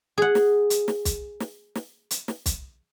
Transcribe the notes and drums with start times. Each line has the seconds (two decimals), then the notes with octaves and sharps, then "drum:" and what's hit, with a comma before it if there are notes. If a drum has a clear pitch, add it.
0.18 G#4 F#5
0.35 drum: snare
0.70 drum: hi-hat
0.88 drum: snare
1.05 drum: kick, hi-hat
1.40 drum: snare
1.75 drum: snare
2.11 drum: hi-hat
2.28 drum: snare
2.46 drum: kick, hi-hat